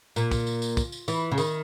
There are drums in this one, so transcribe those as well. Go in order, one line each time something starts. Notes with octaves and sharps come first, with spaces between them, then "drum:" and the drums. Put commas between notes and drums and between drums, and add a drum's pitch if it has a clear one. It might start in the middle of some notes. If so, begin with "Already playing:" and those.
A#2, drum: tambourine
drum: kick, tambourine
drum: tambourine
drum: tambourine
drum: kick, tambourine
drum: tambourine
E3, drum: tambourine
C#3
D#3, drum: tambourine